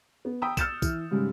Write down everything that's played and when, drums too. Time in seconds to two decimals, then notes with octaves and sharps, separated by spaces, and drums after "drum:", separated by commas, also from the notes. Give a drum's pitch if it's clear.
0.25 B3
0.42 G5 A#5 B5 D#6 E6
0.57 E6 F6 G6 A6 C#7 E7, drum: kick, tambourine
0.82 E3, drum: kick, tambourine
1.11 G#2 C#3 G3 G#3